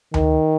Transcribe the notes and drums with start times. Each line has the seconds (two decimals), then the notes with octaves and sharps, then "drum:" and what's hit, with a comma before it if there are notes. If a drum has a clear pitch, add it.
0.14 D#3, drum: tom D2